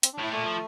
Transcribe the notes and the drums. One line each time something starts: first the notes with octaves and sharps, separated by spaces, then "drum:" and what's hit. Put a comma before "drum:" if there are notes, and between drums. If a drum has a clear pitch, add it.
C4, drum: hi-hat
D4
A2 E4
A#2 A3
F3